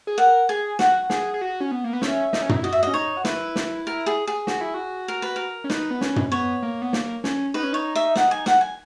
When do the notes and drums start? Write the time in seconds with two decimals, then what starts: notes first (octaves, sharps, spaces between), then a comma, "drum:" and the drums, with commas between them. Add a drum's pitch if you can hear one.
0.07 G#4
0.18 A#4 F#5
0.49 G#4 G#5
0.79 F#4 F#5, drum: snare
1.10 G#4, drum: snare
1.34 G#4
1.41 F#4
1.61 C#4
1.72 B3
1.84 A#3
1.93 B3
2.02 C#4 E5, drum: snare
2.33 D#4, drum: snare
2.41 C#4
2.49 D#4, drum: tom
2.56 E4
2.63 F#4 D#5
2.73 E5
2.83 C#4 D#5
2.94 D#4 C#5
3.17 F#4
3.24 E4 B4, drum: snare
3.56 drum: snare
3.87 A#4
4.06 G#4
4.28 G#4
4.47 F#4, drum: snare
4.61 E4
4.74 F#4
5.08 A#4
5.22 B4
5.36 A#4
5.64 C#4
5.70 D#4 B4, drum: snare
5.91 B3
6.01 C#4, drum: snare
6.16 drum: tom
6.32 B3 C#5
6.62 A#3
6.82 B3
6.93 A#3, drum: snare
7.24 C#4, drum: snare
7.54 D#4 B4
7.63 C#4
7.73 D#4 C#5
7.96 E5
8.16 F#5, drum: snare
8.31 G#5
8.46 F#5, drum: snare
8.61 G#5